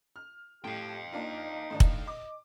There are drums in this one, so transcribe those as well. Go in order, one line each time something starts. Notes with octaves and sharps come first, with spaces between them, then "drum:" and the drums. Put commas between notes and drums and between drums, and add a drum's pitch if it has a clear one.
F6
A2 G4 F5 G5
A#3 D4 D#4 F4
A2 D#3 D4
drum: kick
D#5 D6